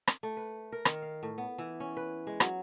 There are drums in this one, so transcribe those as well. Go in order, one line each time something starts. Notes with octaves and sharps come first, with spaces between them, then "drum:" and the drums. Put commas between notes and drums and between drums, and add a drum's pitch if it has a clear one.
drum: rim click
A3
B4
A#4
D#3, drum: rim click
F5
A2
B3
E3
C#4
B4
G#3
F#3, drum: rim click